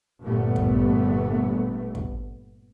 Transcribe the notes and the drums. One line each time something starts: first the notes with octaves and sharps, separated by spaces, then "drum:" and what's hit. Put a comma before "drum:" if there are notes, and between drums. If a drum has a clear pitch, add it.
G1 A#2 G3 A3 B3
drum: kick
drum: kick